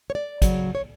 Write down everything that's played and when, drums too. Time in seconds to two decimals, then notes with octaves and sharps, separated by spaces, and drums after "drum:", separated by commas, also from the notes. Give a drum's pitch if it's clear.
0.10 C#5
0.15 D5
0.42 C#3 F#3, drum: kick, hi-hat
0.75 C#5